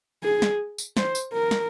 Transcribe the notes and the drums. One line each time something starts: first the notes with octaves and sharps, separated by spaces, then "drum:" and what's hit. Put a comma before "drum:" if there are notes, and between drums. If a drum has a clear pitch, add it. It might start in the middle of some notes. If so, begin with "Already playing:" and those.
G#4
drum: snare
drum: tambourine
C5, drum: snare
drum: tambourine
A#4
drum: snare